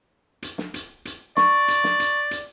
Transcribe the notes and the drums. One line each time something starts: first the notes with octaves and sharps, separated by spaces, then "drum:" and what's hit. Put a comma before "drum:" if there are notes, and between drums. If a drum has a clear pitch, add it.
drum: hi-hat
drum: snare
drum: hi-hat
drum: hi-hat
D5 C#6, drum: snare
drum: hi-hat
drum: snare
drum: hi-hat
drum: hi-hat